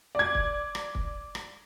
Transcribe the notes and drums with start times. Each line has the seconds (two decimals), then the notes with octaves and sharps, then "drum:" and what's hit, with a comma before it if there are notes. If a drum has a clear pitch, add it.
0.15 D5 G#6
0.35 drum: kick
0.75 drum: rim click
0.95 drum: kick
1.35 drum: rim click